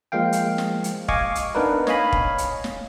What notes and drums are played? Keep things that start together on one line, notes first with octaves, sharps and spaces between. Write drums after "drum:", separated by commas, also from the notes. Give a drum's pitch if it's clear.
F3 G#3 A#3 F5 G5
drum: hi-hat
drum: snare
drum: hi-hat
D#5 F5 G#5 C#6 D6, drum: kick
drum: hi-hat
B3 D4 D#4 A#4 B4
C#5 D#5 F5 G#5 B5, drum: snare
drum: kick
drum: hi-hat
drum: snare